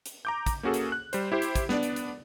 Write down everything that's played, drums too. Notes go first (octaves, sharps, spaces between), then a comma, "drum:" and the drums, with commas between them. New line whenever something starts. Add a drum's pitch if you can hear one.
drum: hi-hat
A#5 D6 G6
drum: kick, hi-hat
A#3 C#4 F#4 G#4 A4
drum: hi-hat
F#6
G3 C5, drum: hi-hat
E4 G4 C5
drum: hi-hat
drum: kick, hi-hat
B3 D4 D5, drum: snare
drum: hi-hat
drum: hi-hat